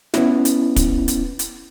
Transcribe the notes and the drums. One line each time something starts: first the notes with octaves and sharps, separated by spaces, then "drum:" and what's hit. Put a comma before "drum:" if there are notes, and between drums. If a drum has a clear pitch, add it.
B3 C#4 E4, drum: snare
drum: hi-hat
drum: kick, hi-hat
drum: hi-hat
drum: hi-hat